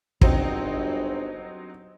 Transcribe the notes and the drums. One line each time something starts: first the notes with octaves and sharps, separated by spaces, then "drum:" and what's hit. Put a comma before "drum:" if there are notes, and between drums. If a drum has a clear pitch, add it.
G1 F#3 C4 D#4, drum: kick